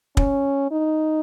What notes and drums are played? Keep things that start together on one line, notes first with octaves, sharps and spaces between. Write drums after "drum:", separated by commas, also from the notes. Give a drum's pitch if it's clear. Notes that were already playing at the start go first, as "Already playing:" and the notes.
C#4, drum: kick
D#4